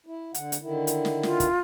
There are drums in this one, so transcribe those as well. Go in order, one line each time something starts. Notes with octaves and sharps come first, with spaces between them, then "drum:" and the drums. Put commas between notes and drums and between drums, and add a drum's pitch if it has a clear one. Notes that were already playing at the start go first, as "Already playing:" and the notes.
E4
D3 F#5, drum: hi-hat
drum: hi-hat
D3 D#3 E4
drum: hi-hat
drum: snare
F4, drum: snare
drum: kick, hi-hat